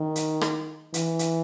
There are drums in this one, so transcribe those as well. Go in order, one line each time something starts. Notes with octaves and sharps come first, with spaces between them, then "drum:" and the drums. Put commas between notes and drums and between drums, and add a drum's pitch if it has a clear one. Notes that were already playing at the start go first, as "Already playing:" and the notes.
Already playing: D#3
drum: hi-hat
drum: rim click
E3, drum: hi-hat
drum: hi-hat